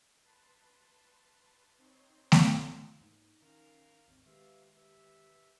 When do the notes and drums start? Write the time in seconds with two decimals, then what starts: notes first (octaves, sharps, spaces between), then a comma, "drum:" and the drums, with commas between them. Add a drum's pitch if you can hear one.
0.24 B4 A5 C6
1.78 C4 D#4 C#5 C6
2.32 drum: snare A3
3.01 G#2 A#3 D#4
3.42 D#3 C#4 A#4 F5 A#5
4.08 G#1 D#2 C4
4.26 D#3 G#3 G4 B4 E5 F5
4.76 G4 B4 E5